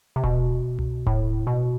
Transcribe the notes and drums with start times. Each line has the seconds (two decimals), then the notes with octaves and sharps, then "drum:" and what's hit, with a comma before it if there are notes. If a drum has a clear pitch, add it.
0.16 C3
0.24 B2, drum: kick D#1
0.79 drum: tom C2
1.07 A2, drum: kick D#1
1.47 B2